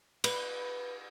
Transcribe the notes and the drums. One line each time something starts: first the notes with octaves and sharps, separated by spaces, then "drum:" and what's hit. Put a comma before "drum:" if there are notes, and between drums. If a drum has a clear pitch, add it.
B4, drum: cymbal